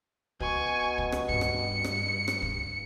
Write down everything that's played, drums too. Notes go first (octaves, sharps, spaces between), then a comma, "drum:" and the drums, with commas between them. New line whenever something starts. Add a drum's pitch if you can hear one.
B2 G#5 C#6, drum: kick
drum: kick
drum: rim click
G2 C#7, drum: kick
drum: rim click
drum: rim click
drum: rim click
drum: kick